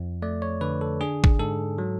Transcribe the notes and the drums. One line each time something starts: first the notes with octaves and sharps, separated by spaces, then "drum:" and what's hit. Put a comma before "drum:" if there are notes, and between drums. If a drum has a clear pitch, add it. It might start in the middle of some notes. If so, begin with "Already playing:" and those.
Already playing: F2 F3
A3 D5
C#5
D3 B4
A4
D4 G#4
drum: kick
G#2 A4
F#3